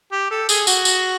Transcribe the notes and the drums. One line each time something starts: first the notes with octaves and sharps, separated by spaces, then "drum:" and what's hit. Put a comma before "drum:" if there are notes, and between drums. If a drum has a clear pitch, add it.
G4
A4
G#4, drum: tambourine
F#4, drum: tambourine
drum: tambourine